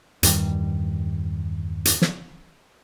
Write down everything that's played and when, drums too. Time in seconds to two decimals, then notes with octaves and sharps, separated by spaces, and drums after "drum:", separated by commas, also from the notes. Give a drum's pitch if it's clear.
0.23 E2 G2 D#3 G3, drum: hi-hat
1.85 drum: hi-hat
2.02 drum: snare